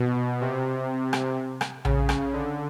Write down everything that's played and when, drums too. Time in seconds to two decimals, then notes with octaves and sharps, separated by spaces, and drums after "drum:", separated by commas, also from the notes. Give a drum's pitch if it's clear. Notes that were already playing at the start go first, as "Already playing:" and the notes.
Already playing: B2
0.41 C3
1.13 drum: rim click
1.61 drum: rim click
1.85 C#3, drum: tom A#1
2.09 drum: rim click
2.33 D3